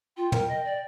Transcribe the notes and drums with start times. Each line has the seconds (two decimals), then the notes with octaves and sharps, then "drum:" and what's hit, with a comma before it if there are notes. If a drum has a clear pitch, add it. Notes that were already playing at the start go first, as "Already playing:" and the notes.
0.17 F4 G5
0.32 A#4, drum: tom
0.48 D#5
0.64 D5